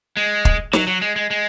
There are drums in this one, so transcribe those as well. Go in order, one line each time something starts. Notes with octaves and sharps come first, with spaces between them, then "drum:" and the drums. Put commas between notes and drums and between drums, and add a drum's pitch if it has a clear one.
G#3
drum: kick
F#3, drum: snare
F#3
G#3
G#3
G#3